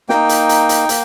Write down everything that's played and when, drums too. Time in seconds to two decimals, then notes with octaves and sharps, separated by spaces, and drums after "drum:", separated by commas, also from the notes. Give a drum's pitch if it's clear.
0.09 A#3 D#4 G5, drum: snare
0.29 drum: hi-hat
0.49 drum: hi-hat
0.69 drum: hi-hat
0.89 A#3, drum: hi-hat